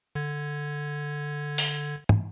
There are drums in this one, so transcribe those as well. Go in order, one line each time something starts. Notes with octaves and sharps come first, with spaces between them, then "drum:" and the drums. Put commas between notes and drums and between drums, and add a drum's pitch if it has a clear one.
D3 G#6
drum: open hi-hat
drum: tom